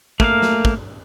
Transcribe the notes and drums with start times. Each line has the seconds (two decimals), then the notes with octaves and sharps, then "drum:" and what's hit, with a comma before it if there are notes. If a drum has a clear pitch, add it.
0.20 A3 A#3 A#4 F5, drum: kick
0.42 drum: snare
0.65 drum: kick